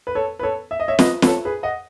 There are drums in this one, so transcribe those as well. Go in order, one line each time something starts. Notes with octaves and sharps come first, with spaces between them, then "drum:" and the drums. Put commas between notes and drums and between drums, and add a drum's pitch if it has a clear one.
B4
A4 C#5
B4
A4 C#5
E5
D#5
C#5 E5
B4 D#5, drum: snare
B4, drum: snare
A4 C#5
G#4 B4
D#5 F#5